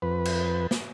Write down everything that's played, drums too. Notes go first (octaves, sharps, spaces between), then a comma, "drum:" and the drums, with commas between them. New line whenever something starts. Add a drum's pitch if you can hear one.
F2 B4
drum: cymbal
drum: snare